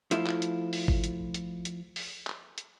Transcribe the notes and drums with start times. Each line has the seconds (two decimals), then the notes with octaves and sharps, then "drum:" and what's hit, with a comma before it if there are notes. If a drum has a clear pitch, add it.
0.11 F3 A3 E4 F4, drum: hi-hat
0.27 drum: clap
0.42 drum: hi-hat
0.73 drum: open hi-hat
0.88 drum: kick G#1
1.04 drum: hi-hat
1.34 drum: hi-hat
1.65 drum: hi-hat
1.96 drum: open hi-hat
2.27 drum: clap
2.58 drum: hi-hat